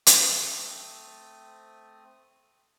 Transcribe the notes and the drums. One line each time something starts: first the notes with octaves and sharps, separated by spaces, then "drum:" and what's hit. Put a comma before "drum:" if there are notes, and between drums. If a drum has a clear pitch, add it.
A3 C4 D#6, drum: hi-hat